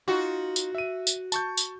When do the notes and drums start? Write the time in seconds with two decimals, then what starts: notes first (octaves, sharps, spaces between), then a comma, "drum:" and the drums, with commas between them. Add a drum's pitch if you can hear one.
0.08 D#4 F4 F#4
0.56 drum: tambourine
0.75 E5 D#7
1.07 drum: tambourine
1.32 A5 C#6 G6, drum: tambourine
1.57 drum: tambourine